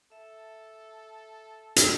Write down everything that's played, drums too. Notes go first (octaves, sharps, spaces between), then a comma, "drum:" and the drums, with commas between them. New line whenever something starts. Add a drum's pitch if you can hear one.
A4 E5
drum: hi-hat